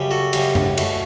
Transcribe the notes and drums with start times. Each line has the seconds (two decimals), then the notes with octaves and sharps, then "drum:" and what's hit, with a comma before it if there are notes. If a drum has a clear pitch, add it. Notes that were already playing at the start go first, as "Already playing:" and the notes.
Already playing: F#2 C#3 G3
0.11 F#4 A4
0.33 F#2 C#3 G3, drum: cymbal
0.55 drum: tom F#2
0.78 B2 A3, drum: cymbal